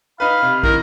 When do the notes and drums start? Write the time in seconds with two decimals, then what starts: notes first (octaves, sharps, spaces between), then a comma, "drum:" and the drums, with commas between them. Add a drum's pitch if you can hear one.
0.20 D#4 B4 F5 B5
0.42 C3
0.63 D#3 E4 A#4, drum: kick